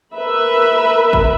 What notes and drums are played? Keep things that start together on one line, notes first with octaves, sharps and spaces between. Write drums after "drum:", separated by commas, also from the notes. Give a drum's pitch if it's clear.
A#4 B4 E5 B5
drum: kick F#1